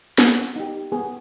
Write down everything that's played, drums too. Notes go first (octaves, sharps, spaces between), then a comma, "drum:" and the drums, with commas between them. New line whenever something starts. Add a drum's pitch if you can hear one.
B3, drum: snare
D#4 G4
B3 G#4